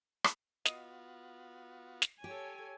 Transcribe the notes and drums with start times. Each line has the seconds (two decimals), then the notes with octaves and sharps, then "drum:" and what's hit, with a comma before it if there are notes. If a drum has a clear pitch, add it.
0.24 drum: rim click
0.65 B3 F4 F#4 D#5, drum: snare
2.02 drum: snare
2.24 G4 A4 C#5 G#5